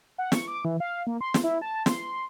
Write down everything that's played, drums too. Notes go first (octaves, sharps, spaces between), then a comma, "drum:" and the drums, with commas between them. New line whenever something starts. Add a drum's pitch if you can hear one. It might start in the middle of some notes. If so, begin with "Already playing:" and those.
F#5
C#6, drum: snare
D6
E3
F5
A#3
C6
drum: snare
E4
A5
C6, drum: snare